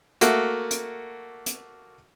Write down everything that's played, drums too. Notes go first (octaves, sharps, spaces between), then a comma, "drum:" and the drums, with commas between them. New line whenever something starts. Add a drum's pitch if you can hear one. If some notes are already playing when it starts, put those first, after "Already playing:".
A3 A#3 F#4, drum: hi-hat
drum: hi-hat
drum: hi-hat